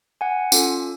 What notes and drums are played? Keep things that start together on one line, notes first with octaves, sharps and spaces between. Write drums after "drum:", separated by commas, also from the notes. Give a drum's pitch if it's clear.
F#5 G#5
C#4 F4 A4, drum: tambourine